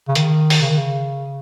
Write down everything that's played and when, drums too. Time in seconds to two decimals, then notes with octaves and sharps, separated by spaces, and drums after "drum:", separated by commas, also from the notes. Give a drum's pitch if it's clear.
0.08 C#3
0.15 D#3, drum: hi-hat
0.50 drum: open hi-hat
0.61 C#3
0.69 D#3
0.78 C#3